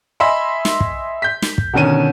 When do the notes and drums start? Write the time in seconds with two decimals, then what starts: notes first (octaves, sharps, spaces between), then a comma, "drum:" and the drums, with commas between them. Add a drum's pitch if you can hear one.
0.20 D#5 E5 G#5 B5 C6
0.65 drum: snare
0.80 drum: kick
1.22 G6 B6
1.42 drum: snare
1.58 drum: kick
1.73 B2 D3 D#3 C#4 D#7